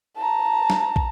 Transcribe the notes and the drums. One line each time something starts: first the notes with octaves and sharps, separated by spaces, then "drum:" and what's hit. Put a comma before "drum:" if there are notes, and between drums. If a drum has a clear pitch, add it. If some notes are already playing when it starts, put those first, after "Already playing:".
A5 A#5
drum: snare
drum: kick